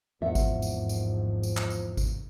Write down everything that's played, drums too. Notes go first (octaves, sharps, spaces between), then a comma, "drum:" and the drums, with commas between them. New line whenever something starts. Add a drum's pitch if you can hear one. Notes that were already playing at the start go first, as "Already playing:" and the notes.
G#1 E2 F3 E5 F#5
drum: kick G#1, tambourine
drum: tambourine
drum: tambourine
drum: tambourine
drum: clap
drum: tambourine
drum: kick G#1, tambourine